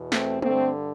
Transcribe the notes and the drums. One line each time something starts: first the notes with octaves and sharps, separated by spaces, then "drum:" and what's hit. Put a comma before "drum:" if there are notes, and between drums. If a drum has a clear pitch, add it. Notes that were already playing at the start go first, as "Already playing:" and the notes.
Already playing: E2 B2
A3 C4, drum: snare
G2 D3 A3 C4, drum: tom G#3